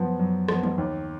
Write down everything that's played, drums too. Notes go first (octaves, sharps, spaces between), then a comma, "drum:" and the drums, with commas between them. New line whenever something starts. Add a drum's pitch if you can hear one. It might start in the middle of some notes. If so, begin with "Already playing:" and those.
Already playing: F#2 F3 B3
F#2
F3 B3, drum: rim click
drum: tom D#3
D#2